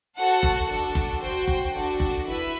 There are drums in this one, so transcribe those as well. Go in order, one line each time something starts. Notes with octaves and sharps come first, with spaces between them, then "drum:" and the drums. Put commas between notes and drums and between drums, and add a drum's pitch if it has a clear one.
F#4 A4 C5 F#5 A5
drum: kick F#1, hi-hat
D4 F#4 A4
drum: kick F#1, hi-hat
F#4 C5 G5
drum: kick F#1
D4 F#4 A4
drum: kick F#1
E4 B4 E5